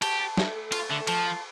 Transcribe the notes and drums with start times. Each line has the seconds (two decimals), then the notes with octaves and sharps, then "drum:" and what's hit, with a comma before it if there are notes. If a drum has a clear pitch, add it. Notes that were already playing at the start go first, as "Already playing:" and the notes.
0.02 G4 A5, drum: cymbal
0.20 A5
0.37 A3, drum: snare
0.55 A3
0.72 F4 A5, drum: cymbal
0.89 D3 A3
1.07 F3 A5, drum: cymbal
1.26 F4